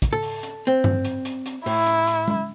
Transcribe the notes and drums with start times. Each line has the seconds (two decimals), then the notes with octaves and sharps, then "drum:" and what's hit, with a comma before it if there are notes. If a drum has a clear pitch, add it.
0.02 drum: kick, hi-hat
0.13 A4
0.23 drum: open hi-hat
0.43 drum: hi-hat
0.67 C4
0.84 drum: tom G2
1.05 drum: hi-hat
1.25 drum: hi-hat
1.46 drum: hi-hat
1.66 A2 E4, drum: open hi-hat
1.87 drum: hi-hat
2.07 drum: hi-hat
2.28 drum: tom G#3